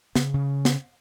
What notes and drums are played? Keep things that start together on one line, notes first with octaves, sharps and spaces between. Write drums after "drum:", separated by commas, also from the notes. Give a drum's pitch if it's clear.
C#3, drum: snare
C#3
drum: snare